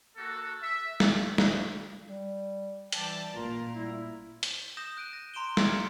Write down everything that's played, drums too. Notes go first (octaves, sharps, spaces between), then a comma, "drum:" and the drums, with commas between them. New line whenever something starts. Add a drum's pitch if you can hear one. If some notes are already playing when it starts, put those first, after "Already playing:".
A#3 F#4 A4
E5
drum: snare
drum: snare
G3
E3 G3 G5 A5 D6, drum: hi-hat
A1 A#2 F4 A#4
G3 E4
drum: hi-hat
D#6 G6 A#6 E7
F#6 D7 D#7
A#6
A#5 C6 D7 E7 G7
F6 G#6 A#6 C#7 D7 E7, drum: snare